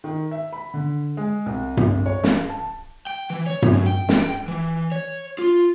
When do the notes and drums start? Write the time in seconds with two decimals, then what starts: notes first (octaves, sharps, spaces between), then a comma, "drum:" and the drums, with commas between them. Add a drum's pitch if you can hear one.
0.04 D#3
0.31 E5
0.53 B5
0.74 D3
1.17 G#3
1.46 C2
1.77 drum: tom G2
2.06 C#5
2.24 F5, drum: snare
2.49 A5
3.07 G5
3.30 E3
3.46 C#5
3.62 drum: tom G2
3.73 F#2
3.86 G5
4.09 drum: snare
4.48 E3
4.92 C#5
5.38 F4